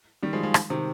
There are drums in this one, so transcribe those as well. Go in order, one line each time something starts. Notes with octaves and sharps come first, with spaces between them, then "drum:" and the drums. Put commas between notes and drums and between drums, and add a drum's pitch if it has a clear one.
D#3 G3
F3 G#3
F3 G#3
drum: rim click
C3 D#3